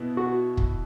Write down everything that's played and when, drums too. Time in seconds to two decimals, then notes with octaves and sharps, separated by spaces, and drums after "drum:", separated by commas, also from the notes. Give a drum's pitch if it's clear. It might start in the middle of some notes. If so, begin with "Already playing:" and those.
Already playing: B2 B3 E4
0.17 F#4
0.57 drum: kick